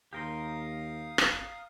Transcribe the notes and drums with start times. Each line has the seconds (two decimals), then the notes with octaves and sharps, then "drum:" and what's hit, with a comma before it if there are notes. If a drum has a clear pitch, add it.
0.13 D#2 G4 A#4 F5 C6 D#6
1.18 drum: rim click